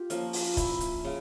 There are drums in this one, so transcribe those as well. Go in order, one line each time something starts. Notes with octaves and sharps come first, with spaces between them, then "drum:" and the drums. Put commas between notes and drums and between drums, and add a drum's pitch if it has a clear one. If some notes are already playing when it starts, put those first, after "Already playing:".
Already playing: F4 G4
F3 A#3 C#4, drum: hi-hat
drum: open hi-hat
E4, drum: kick, hi-hat
drum: hi-hat
C#3